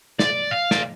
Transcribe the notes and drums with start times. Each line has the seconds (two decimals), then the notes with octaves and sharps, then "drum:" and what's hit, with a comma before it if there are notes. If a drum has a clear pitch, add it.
0.19 D5, drum: snare
0.51 F5
0.71 D5, drum: snare